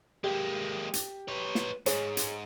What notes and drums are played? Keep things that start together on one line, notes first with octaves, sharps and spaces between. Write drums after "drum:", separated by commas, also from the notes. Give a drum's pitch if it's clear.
G#3 A#3 G4
drum: hi-hat
B4 C#5
drum: snare
G#2 G#4 C#5, drum: hi-hat
drum: hi-hat